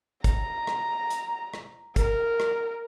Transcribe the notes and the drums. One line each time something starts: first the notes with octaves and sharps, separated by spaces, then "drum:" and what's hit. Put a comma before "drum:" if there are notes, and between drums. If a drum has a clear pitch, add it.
A#5, drum: kick, hi-hat
drum: rim click
drum: hi-hat
drum: rim click
A#4, drum: kick, hi-hat
drum: rim click